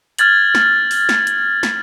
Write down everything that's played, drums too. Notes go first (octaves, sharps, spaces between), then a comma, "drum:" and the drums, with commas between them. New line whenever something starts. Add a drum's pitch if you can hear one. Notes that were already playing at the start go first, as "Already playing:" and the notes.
F6 G#6 A6 F#7, drum: hi-hat
drum: snare
drum: open hi-hat
drum: snare
drum: hi-hat
drum: snare